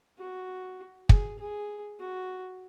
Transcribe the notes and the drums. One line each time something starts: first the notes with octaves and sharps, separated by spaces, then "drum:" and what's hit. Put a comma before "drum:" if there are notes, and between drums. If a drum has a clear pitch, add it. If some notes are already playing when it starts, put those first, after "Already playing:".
F#4
G#4, drum: kick
G#4
F#4